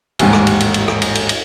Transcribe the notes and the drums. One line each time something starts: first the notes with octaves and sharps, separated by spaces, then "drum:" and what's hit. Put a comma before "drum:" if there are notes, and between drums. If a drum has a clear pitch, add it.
A1 D#2 G#2, drum: cymbal
drum: rim click
drum: cymbal
drum: cymbal
drum: cymbal
drum: rim click
drum: cymbal
drum: cymbal
drum: cymbal